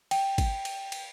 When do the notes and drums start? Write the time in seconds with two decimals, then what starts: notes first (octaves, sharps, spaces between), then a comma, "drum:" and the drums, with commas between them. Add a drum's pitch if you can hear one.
0.11 G5, drum: cymbal
0.38 drum: kick, cymbal
0.65 drum: cymbal
0.92 drum: cymbal